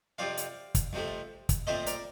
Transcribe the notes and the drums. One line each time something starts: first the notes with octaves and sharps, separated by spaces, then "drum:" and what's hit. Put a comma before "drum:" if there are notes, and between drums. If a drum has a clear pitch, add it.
F2 C3 F3 C4 D5 F5
drum: hi-hat
drum: kick, hi-hat
F2 C3 F3 A3
drum: kick, hi-hat
A#2 F3 A3 C4 C5 D#5
A#4 D5, drum: hi-hat